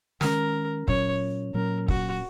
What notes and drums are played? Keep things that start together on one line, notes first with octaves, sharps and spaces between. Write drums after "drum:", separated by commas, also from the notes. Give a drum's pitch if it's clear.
D#3 G#3 C#4 A#4, drum: snare
A#2 F#3 C#4 C#5, drum: kick
A#2 F#3 C#4 A#4
F#4, drum: kick